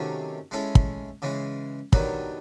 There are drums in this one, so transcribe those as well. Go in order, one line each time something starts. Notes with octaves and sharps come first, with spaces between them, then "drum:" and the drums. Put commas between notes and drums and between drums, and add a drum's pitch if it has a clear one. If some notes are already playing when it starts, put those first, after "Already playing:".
Already playing: C3 D#3 F#3 A3 C#4
G#3 C#4 E4 A4
drum: kick
C#3 E3 G#3
G2 D#3 F#3 B3, drum: kick